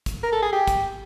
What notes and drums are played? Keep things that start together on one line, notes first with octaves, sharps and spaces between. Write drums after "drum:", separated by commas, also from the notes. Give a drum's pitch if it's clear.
drum: kick, hi-hat
A#4
A4
G#4
G4
drum: kick, hi-hat